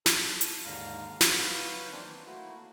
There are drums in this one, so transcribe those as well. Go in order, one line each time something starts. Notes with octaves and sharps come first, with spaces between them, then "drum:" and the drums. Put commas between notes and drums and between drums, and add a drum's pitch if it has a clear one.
A4, drum: snare
drum: hi-hat
D#2 G#2 D3 F5 A#5
F#3 B4 C#5 F5 G6, drum: snare
D#3 E3 A#3 C4 D4
C5
A3 A#3 E4 F#4